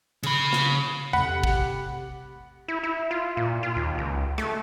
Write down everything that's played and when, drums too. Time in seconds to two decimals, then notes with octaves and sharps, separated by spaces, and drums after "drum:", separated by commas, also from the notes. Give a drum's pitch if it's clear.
0.23 C#3 B5, drum: cymbal
0.53 drum: snare
1.13 C3 A3 F#5 B5, drum: tom E2
1.44 G4, drum: kick
2.68 E4
2.84 E4
3.11 F4
3.37 A#2
3.63 F4
3.76 D#2
3.98 C#2
4.38 A3, drum: rim click